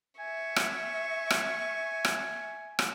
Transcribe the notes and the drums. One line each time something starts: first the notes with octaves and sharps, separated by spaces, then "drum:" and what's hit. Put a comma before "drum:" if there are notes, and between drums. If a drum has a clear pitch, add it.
E5 G#5 C#6
drum: rim click
drum: rim click
drum: rim click
drum: rim click